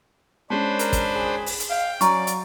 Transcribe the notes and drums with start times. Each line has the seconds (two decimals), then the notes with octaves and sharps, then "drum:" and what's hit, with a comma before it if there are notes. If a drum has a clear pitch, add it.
0.50 G#3 C#4 D4 B4 C5 A5
0.79 A#4, drum: hi-hat
0.93 drum: kick, hi-hat
1.15 G#4
1.46 drum: open hi-hat
1.60 drum: hi-hat
1.70 F5 G5
2.01 F#3 C#4 D5 A#5 C#6, drum: hi-hat
2.27 drum: hi-hat